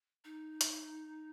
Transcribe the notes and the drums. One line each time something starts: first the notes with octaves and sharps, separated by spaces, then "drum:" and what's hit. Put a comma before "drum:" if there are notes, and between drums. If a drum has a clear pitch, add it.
D#4
drum: hi-hat